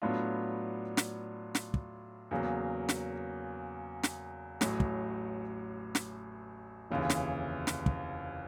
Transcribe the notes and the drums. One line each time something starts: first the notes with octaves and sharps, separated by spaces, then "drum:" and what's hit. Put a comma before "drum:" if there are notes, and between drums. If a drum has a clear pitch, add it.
A2 F#3 B3 D4 F4
drum: snare
drum: snare
drum: kick
E2 C#3 F#3 A#3
drum: snare
drum: snare
A1 A2 F#3, drum: snare
drum: kick
drum: snare
F1 D#2 C#3 E3
drum: snare
drum: snare
drum: kick